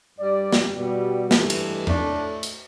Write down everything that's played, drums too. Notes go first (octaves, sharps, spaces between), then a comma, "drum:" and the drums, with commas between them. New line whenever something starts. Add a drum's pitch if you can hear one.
G2 G3 D5
drum: snare
B2 G3
G2 E3 A3, drum: snare
drum: cymbal
A2 A3 D4, drum: tom E2
drum: hi-hat